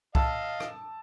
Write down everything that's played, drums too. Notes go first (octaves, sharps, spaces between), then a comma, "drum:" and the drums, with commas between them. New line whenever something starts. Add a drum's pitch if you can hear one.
D#5 F5 A5 E6, drum: kick C2
drum: rim click